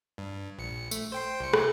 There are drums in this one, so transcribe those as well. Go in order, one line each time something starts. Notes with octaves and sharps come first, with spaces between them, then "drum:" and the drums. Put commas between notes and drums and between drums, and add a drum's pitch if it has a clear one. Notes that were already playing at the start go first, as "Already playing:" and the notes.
G2
A#1 C#7
A3, drum: tambourine
C5 G5 C6
C2 C#7
drum: rim click